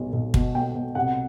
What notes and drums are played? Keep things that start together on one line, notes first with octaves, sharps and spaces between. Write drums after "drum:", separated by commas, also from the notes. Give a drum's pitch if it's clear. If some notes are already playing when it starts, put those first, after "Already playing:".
Already playing: B1 G3
B1
B2, drum: kick
B2 G5
B2
C2 F#5